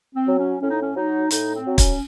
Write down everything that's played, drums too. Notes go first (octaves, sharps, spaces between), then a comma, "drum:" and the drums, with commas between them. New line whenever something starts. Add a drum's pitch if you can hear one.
C4
F#3
C#4
A2 C#4
D#4
C#4
F#3 D#4
A2 D#4, drum: hi-hat
C4
F#3
C#4, drum: kick, hi-hat